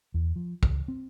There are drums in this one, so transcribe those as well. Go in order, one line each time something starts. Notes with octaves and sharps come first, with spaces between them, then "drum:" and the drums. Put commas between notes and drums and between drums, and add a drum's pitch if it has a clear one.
E2
F3
C#2, drum: kick
C4